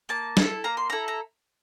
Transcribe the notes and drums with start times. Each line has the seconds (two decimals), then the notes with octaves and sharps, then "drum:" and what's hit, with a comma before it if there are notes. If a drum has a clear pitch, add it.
0.09 A#3 A5
0.37 E4, drum: snare
0.42 A4
0.64 A#3 A#5
0.77 C6
0.90 E4 A4 A#5
1.08 A#5